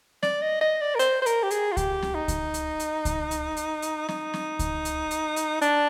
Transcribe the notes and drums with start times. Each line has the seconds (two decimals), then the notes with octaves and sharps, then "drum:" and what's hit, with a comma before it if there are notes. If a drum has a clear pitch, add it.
0.23 D5, drum: snare
0.42 D#5
0.61 D#5
0.81 D5
0.95 A#4
0.99 C5, drum: hi-hat
1.22 C5
1.26 A#4, drum: hi-hat
1.43 G4
1.51 G#4, drum: hi-hat
1.72 F4
1.77 G4, drum: kick C#2, hi-hat
2.02 drum: snare
2.15 D#4
2.28 drum: kick C#2, hi-hat
2.54 drum: hi-hat
2.80 drum: hi-hat
3.05 drum: kick C#2, hi-hat
3.31 drum: hi-hat
3.57 drum: hi-hat
3.82 drum: hi-hat
4.09 D#4, drum: snare
4.34 drum: snare
4.59 drum: kick C#2, hi-hat
4.85 drum: hi-hat
5.11 drum: hi-hat
5.36 drum: hi-hat
5.62 D4, drum: hi-hat